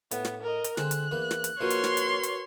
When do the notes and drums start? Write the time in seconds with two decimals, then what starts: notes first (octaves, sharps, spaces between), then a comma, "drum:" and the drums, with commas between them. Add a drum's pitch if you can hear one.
0.11 A2 B3, drum: hi-hat
0.25 drum: snare
0.42 A#4 D#5
0.64 drum: hi-hat
0.77 D3 G#3 C4 F#6, drum: snare
0.91 drum: hi-hat
1.11 E2 A#3 B3
1.31 drum: snare
1.44 drum: hi-hat
1.61 A#1 F3 F#4 A#4 B4 C#5 D#5 C6
1.70 drum: hi-hat
1.84 drum: snare
1.97 drum: hi-hat
2.23 drum: hi-hat